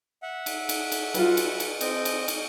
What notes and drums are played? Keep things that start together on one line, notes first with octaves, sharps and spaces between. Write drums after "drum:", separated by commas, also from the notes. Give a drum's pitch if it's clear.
E5 F#5
drum: cymbal
drum: cymbal
drum: cymbal
F4 F#4 B4, drum: cymbal
drum: cymbal
drum: cymbal
C4 D#5 G5, drum: cymbal
drum: cymbal
drum: cymbal